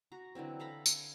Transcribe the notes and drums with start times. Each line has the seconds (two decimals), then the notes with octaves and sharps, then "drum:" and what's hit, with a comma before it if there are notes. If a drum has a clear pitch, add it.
0.12 F#4 A#5
0.35 D3 E3 F#3 C4
0.60 A4 F5 A#5 B5
0.86 F5 G#5, drum: tambourine